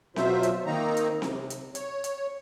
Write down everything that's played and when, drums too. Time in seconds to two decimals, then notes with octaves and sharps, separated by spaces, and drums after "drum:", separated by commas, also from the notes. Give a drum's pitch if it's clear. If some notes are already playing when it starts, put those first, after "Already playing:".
0.16 B2 F#3 F4 C5 E5, drum: snare C4
0.43 drum: hi-hat
0.66 D#3 A#3 C4 D#4 A#5
0.97 drum: hi-hat
1.22 C3, drum: snare C4
1.50 drum: hi-hat
1.75 C#5, drum: hi-hat
2.04 drum: hi-hat